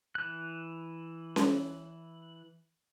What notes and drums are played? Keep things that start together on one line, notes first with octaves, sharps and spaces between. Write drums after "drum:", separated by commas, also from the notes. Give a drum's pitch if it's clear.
E3 F#6
drum: snare C#4